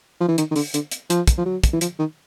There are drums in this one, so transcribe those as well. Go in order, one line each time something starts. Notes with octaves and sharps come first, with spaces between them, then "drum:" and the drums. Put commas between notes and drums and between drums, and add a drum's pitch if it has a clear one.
F3
E3
D#3, drum: hi-hat
D#3
D3, drum: open hi-hat
D3, drum: hi-hat
drum: hi-hat
F3, drum: hi-hat
drum: kick, hi-hat
F3
F#3
drum: kick, hi-hat
E3
F3, drum: hi-hat
D#3